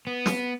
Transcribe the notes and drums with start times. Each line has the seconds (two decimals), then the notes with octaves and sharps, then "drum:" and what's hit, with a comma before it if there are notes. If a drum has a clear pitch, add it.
0.07 B3
0.26 drum: snare